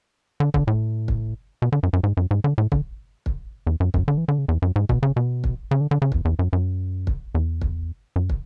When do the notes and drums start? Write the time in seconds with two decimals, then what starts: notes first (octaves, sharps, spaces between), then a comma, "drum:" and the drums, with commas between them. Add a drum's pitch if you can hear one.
0.40 D3
0.54 D3, drum: kick
0.67 A2
1.08 drum: kick
1.62 B2
1.72 D3
1.83 F#2
1.93 F#2
2.03 G#2
2.17 F#2
2.31 G#2
2.44 D3
2.58 A2
2.72 D3, drum: kick
3.26 drum: kick
3.67 E2
3.80 F#2
3.94 F#2, drum: kick
4.08 D3
4.18 E3
4.28 D3
4.38 C#3
4.48 E2
4.62 F#2
4.76 G#2
4.89 B2, drum: kick
5.03 C#3
5.16 B2
5.44 drum: kick
5.71 C#3
5.81 D3
5.91 D3
6.02 C#3
6.12 E2, drum: kick
6.25 E2
6.39 F#2
6.53 F#2
7.07 drum: kick
7.35 E2
7.62 drum: kick
8.16 F#2
8.30 drum: kick